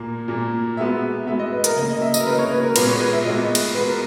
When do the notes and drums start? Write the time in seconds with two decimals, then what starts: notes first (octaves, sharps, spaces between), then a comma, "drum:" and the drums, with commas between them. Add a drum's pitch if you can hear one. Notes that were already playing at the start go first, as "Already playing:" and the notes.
Already playing: A#2 A#3
0.28 A#2 A#3
0.77 B2 G#3 B3 E5
1.27 B2 G#3 B3 E5
1.39 D#5
1.52 B4
1.64 A#4, drum: hi-hat
1.76 C#3 F#3 A#3 D#5
1.89 D#5
2.02 E5
2.14 D#5, drum: tambourine
2.20 A#4
2.27 C#3 F#3 A#3 B4
2.39 C#5
2.51 B4
2.63 A#4
2.76 A#2 G#3 B3 B4, drum: cymbal
2.88 C#5
3.01 B4
3.13 E5
3.25 A#2 G#3 B3 D#5
3.55 drum: cymbal
3.75 B2 G#3 B3 B4
3.86 A#4